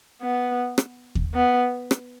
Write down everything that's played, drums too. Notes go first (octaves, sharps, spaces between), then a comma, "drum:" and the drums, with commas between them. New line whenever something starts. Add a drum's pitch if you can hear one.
B3
drum: rim click
drum: kick D#2
B3
drum: rim click